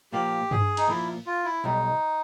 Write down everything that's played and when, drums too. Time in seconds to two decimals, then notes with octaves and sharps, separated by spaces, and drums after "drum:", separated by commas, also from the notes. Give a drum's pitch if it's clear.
0.12 A#2 F3 A#3 G4
0.51 G#4, drum: tom G2
0.77 D#4, drum: cymbal
0.88 A#2 F3 A#3 E4
1.26 F4
1.45 E4
1.64 B1 B2 G3 D#4